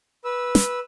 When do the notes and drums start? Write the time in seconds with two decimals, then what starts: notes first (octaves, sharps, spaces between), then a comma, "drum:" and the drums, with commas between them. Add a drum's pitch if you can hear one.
0.25 B4 E6
0.55 drum: snare